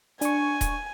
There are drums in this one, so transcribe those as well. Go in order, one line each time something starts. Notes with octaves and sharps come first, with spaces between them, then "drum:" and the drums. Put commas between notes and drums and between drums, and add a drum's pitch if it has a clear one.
D4 G#5 C#6, drum: hi-hat
drum: kick D#1, hi-hat